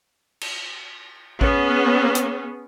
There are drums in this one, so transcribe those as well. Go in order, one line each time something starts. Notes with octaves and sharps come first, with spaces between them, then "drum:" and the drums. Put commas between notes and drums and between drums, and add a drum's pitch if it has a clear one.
drum: cymbal
B3 C#4 G#4, drum: kick A1
drum: hi-hat